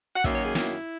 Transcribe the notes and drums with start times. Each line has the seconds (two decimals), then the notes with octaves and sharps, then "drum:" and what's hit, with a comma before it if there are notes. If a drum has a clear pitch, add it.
0.15 F#5
0.24 F#2 D#3 F#3 A#3 E5, drum: kick, hi-hat
0.34 C#5
0.44 G#4
0.55 E4, drum: snare